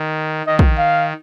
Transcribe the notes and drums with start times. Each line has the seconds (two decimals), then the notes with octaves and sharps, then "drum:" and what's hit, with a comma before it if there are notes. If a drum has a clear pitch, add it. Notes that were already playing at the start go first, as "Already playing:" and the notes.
Already playing: D#3
0.46 D#3 D#5
0.59 drum: kick
0.78 F5